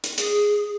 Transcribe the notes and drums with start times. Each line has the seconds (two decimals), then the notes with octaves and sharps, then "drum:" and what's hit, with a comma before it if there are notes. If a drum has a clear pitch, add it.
0.04 drum: hi-hat
0.18 G#4, drum: hi-hat